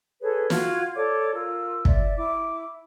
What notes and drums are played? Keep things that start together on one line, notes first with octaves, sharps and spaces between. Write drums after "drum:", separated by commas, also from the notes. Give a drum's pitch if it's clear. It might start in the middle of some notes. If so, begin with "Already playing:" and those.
G#4 A4 B4 C#5
F4 F#4 F6 G#6, drum: snare
A4 C#5 D5 D6
F4 A#4 E6
D5 E5, drum: kick
E4 D6